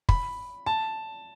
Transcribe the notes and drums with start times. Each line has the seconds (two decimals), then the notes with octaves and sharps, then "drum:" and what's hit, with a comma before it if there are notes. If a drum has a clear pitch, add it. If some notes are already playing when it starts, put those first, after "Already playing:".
0.09 B5, drum: kick
0.66 A5